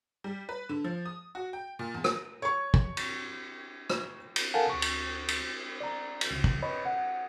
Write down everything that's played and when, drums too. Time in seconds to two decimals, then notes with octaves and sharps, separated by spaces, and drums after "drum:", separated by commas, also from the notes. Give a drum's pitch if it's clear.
0.24 G3
0.49 B4
0.69 D3
0.84 F3
1.05 D#6
1.35 F#4
1.53 G5
1.79 A#2
1.94 E2
2.04 drum: rim click
2.42 C#5 C#6
2.74 drum: kick
2.97 drum: cymbal
3.90 drum: rim click
4.36 drum: cymbal
4.54 A4 A#4 F5 F#5 G#5 A5
4.70 D2 C#6
4.82 drum: cymbal
5.28 drum: cymbal
5.80 D5 A#5
6.21 drum: cymbal
6.31 C#2 C#3
6.44 drum: kick
6.62 B4 C#5 D#5 B5
6.85 F#5